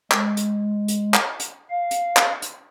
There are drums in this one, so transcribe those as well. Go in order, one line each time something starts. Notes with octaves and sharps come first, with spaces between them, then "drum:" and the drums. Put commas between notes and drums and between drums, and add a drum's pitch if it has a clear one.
G#3, drum: clap
drum: hi-hat
drum: hi-hat
drum: clap
drum: hi-hat
F5
drum: hi-hat
drum: clap
drum: hi-hat